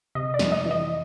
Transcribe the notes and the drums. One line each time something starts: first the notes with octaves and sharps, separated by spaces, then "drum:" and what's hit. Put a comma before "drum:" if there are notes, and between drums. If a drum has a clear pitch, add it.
C3 D#5
D5
F2, drum: snare
D#5
E3
D#5